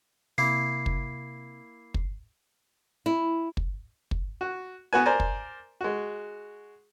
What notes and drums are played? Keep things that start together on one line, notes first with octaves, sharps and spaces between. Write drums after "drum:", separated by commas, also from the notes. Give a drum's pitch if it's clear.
C3 A#3 E4 A#4 C7
drum: kick
drum: kick
E4
drum: kick
drum: kick
F#4
B3 F#4 B4 G#5
A#4 C5 D5 G#5 A#5
drum: kick
G#3 F#4